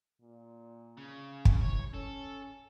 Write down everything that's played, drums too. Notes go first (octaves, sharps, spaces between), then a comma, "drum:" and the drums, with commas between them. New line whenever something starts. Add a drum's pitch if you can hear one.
A#2
C#3
drum: kick
E3 C#5
C#4 A4